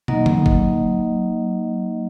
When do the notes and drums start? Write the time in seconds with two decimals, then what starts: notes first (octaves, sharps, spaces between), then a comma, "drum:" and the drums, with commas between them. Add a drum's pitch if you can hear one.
0.08 F#3 A#3 D#4 D#5, drum: tom
0.26 drum: tom D3
0.46 drum: kick G1